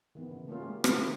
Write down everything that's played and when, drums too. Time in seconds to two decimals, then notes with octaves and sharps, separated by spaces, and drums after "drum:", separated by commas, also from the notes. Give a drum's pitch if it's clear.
0.15 D#3 E3 B3
0.31 C#3
0.48 A3 A#3 C#4 F4
0.61 G#3 G4
0.84 E3 F3 A3 C4 D#4 F4, drum: rim click
0.98 D3 F3 B3 F4 G4 A#4